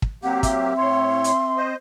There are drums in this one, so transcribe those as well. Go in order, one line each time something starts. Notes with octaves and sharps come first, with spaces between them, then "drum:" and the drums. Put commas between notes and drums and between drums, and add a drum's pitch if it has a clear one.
drum: kick
F#3 A#3 C4 G4 F#5
E5, drum: kick, hi-hat
A2 C#5 C6
drum: hi-hat
C5 D#5